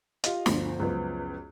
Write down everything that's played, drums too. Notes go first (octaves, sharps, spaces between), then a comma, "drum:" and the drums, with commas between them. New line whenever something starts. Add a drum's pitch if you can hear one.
F4 G4 D#5, drum: hi-hat
G1 D2 F3 C5, drum: snare
C#2 F#2 F3 B3